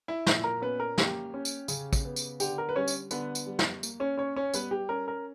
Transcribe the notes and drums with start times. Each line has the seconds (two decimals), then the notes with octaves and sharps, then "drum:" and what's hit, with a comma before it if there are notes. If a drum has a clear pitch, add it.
0.08 E4 E5
0.26 A#2 E4 E5, drum: snare
0.44 A#4 A#5
0.61 B3 C#4 B4
0.80 A#4
0.98 A#3 G4, drum: snare
1.34 C#4
1.45 drum: tambourine
1.68 C#3, drum: tambourine
1.93 drum: kick, tambourine
2.05 B3
2.16 drum: tambourine
2.40 D3 G4, drum: tambourine
2.58 A#4
2.69 B4
2.76 G3 C#4 C#5
2.88 drum: tambourine
3.11 D3 B3 B4, drum: tambourine
3.35 drum: tambourine
3.46 G3
3.59 drum: snare
3.83 A#3, drum: tambourine
4.00 C#4 C#5
4.18 C#4 C#5
4.36 C#4 C#5
4.53 G3 B3 B4, drum: tambourine
4.71 G4
4.89 C#4 A#4
5.08 A#4